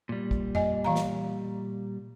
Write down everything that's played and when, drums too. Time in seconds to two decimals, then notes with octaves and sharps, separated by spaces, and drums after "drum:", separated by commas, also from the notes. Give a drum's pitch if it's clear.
0.09 A#2 G3
0.31 drum: kick
0.55 D#5 G#5, drum: tom F2
0.84 E3 F5 A#5
0.95 drum: snare